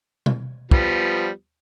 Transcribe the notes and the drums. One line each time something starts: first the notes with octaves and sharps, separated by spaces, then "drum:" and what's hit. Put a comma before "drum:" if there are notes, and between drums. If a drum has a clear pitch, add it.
drum: tom B2
F3 G3 B3, drum: kick